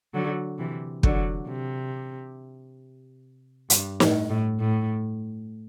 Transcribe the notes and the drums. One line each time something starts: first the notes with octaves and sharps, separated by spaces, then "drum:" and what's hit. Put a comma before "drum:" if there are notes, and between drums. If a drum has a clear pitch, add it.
D3 F#3
C3 E3
D3 F#3, drum: kick
C3
G2, drum: hi-hat
A2, drum: snare
A2
A2